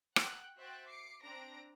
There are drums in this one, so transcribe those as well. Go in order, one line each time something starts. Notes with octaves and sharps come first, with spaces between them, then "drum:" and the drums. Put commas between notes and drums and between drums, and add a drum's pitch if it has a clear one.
F#5 G5 F#6, drum: rim click
F#4 C5 E5 G5 F#6 A6
D6 C7 C#7
C4 D4 A#5 A#6 D7